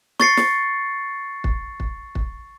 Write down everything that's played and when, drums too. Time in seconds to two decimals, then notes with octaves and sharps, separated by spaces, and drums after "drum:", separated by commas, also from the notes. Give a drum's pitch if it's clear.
0.20 C#6 A6 C7 C#7, drum: snare
0.37 drum: snare
1.44 drum: kick
1.80 drum: kick
2.15 drum: kick